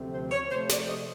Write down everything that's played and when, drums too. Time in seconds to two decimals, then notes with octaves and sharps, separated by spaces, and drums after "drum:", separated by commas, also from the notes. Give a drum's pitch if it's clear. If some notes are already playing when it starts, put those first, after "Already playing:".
Already playing: D2 C3 F3 A3 C4
0.12 C5
0.31 C#5
0.50 C3 F3 A3 C5
0.69 D5, drum: snare
0.89 D#5